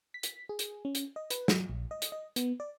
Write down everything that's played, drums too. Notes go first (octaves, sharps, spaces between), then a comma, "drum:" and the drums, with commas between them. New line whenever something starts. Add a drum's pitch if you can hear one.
B6
drum: hi-hat
G#4
drum: hi-hat
C#4
drum: hi-hat
D#5
B4, drum: hi-hat
F#3, drum: snare
A#1
D#5
drum: hi-hat
D#5
B3, drum: hi-hat
D5